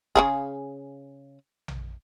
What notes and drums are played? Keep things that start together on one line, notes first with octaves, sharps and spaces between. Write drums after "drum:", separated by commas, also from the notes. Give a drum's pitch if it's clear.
C#3 F#3 G#4, drum: kick
drum: tom A#1